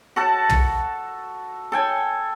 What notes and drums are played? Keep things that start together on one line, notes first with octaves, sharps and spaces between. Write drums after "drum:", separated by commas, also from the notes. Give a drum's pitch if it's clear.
F#4 A4 A5
drum: tom
A4 G5 G#5